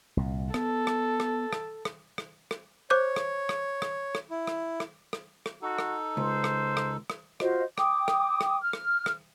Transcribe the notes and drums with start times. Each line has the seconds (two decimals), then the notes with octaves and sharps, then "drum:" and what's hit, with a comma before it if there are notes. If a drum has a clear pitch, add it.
0.17 C2 A#2
0.54 B3 A4, drum: rim click
0.87 drum: rim click
1.20 drum: rim click
1.53 drum: rim click
1.85 drum: rim click
2.18 drum: rim click
2.51 drum: rim click
2.90 C5 C#5 D6 G6
3.16 drum: rim click
3.49 drum: rim click
3.82 drum: rim click
4.15 drum: rim click
4.30 E4
4.47 drum: rim click
4.80 drum: rim click
5.13 drum: rim click
5.46 drum: rim click
5.62 D#4 F#4 A4
5.79 drum: rim click
6.17 C#2 C5
6.44 drum: rim click
6.77 drum: rim click
7.10 drum: rim click
7.40 F4 F#4 C5 D#5, drum: rim click
7.78 G5 D6 D#6, drum: rim click
8.08 drum: rim click
8.41 drum: rim click
8.62 F6
8.73 drum: rim click
9.06 drum: rim click